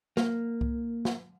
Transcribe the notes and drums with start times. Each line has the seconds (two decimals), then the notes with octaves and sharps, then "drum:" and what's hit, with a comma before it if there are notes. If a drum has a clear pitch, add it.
0.17 A#3, drum: snare
0.61 drum: kick C2
1.05 drum: snare